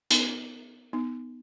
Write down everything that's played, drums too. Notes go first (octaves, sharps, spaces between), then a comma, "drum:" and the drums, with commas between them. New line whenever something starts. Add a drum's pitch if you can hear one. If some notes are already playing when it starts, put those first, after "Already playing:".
B3 D#4, drum: hi-hat
B3 D#4